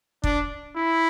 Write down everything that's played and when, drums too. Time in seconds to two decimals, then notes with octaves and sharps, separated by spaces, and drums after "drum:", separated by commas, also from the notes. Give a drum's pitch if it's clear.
0.24 D4, drum: kick
0.76 E4